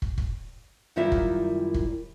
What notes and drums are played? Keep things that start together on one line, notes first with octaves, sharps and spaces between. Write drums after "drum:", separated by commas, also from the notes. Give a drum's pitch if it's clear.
drum: kick
drum: kick
F#2 D#3 G3 E4 F4 E5
drum: kick
drum: kick